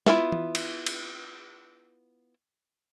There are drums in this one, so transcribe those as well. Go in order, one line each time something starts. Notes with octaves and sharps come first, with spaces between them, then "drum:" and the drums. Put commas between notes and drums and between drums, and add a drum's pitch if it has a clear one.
B3 E4 F4 A4 E5, drum: snare
drum: tom E3
drum: cymbal
drum: cymbal